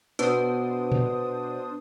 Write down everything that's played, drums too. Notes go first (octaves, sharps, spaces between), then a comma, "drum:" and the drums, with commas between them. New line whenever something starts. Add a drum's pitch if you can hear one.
B2 D4 B4 C5 D#6, drum: hi-hat
drum: tom A#2